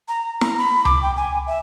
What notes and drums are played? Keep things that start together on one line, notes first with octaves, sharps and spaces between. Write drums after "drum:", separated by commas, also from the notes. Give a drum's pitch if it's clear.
A#5
A#5, drum: snare
B5
D6, drum: tom C#2
G5
G#5
E5